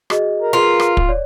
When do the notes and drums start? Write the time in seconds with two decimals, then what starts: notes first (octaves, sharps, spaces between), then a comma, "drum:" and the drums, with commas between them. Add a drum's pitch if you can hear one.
0.10 F#4 G#4 D#5, drum: rim click
0.39 A#4
0.53 F4 G#4 B4
0.80 drum: rim click
0.97 drum: kick
1.09 C#5 D5